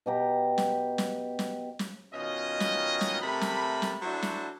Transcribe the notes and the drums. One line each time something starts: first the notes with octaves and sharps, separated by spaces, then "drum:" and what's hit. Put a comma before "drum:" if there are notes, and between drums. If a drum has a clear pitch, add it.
B2 G4 A#5
drum: snare
drum: snare
drum: snare
drum: snare
B2 D#3 C#4 F4 D#5
drum: snare
drum: snare
C3 A3 A#4 A5 B5
drum: snare
drum: snare
F#3 D4 E4 F#4 A4 C5
drum: snare